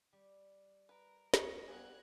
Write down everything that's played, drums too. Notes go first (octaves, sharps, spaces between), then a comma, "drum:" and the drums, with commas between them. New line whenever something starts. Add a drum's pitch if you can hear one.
G3
A#4 B4
D2 G#3 D#5 C#6, drum: snare
G3 A#3 B3 G#4 F#6 G#6